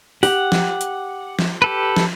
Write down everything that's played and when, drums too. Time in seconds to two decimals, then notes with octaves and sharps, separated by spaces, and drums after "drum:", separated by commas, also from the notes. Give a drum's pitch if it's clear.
0.23 G4 F#5, drum: open hi-hat
0.52 drum: snare
0.81 drum: hi-hat
1.39 drum: snare
1.62 G4 A4 B4
1.96 drum: snare